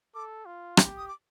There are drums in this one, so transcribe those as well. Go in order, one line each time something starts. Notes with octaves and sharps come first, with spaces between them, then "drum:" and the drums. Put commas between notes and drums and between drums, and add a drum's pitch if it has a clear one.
A4 D6
F4
G4, drum: rim click
D#6
D6